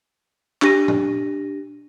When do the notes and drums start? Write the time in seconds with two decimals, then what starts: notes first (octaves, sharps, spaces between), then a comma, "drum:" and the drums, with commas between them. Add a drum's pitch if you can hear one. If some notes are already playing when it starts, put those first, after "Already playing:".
0.62 D4 G4 A#6 D#7, drum: clap
0.88 drum: tom A#2